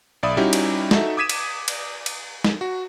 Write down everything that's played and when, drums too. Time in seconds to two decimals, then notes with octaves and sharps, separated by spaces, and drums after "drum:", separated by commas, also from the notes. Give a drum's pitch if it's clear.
0.23 B1 D5 E5 B5 D#6
0.37 G3 C#4 D#4 E4 F#4 G4
0.53 drum: cymbal
0.91 D#4 F#4 A4 E5, drum: snare
1.17 D6 D#6 G#6 B6 D#7 E7
1.29 drum: cymbal
1.68 drum: cymbal
2.06 drum: cymbal
2.44 drum: snare
2.61 F#4